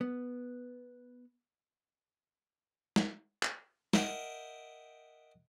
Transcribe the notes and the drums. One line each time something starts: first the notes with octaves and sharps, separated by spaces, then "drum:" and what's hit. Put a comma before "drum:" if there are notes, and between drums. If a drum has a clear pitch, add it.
B3
drum: snare
drum: clap
A#4 D#5 E5 F#5 G5, drum: snare